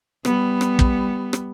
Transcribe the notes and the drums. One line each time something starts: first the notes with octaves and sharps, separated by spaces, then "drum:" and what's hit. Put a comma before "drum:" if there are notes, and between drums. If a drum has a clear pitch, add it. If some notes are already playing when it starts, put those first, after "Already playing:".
G3 B3, drum: rim click
drum: rim click
drum: kick
drum: rim click